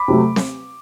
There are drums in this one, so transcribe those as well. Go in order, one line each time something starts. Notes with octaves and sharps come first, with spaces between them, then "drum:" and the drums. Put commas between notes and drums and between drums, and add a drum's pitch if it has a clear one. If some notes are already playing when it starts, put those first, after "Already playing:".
Already playing: B5 D6
C3 F#3 A3
drum: snare C4